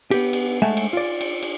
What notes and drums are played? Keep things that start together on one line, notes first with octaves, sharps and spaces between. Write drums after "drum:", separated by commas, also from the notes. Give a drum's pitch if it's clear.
B3 G4, drum: cymbal
drum: cymbal
G#3 A3 E5 F#5 G#5
drum: cymbal
F4 D5
drum: cymbal
drum: cymbal